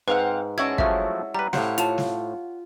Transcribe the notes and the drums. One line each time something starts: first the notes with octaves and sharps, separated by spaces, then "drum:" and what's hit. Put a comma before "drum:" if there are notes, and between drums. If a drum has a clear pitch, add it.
G#2 C4 B4 F5 F#5
G#3 C#4 E4 F#4 D5 A5 G#6
F3 F#3 A3 E5, drum: kick
G3 B4 A#5
A2 G4 C5 C#5 F5 F#5, drum: snare
F4 A5 F7, drum: hi-hat
drum: snare